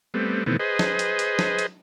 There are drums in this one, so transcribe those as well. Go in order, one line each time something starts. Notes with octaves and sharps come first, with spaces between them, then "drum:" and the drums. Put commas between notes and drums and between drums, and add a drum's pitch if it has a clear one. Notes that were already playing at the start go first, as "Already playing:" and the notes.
G3 A3 B3 C4
B2 D#3 E3 A3 B3 C4
G#4 B4 C5 D#5
drum: snare
drum: hi-hat
drum: hi-hat
drum: snare
drum: hi-hat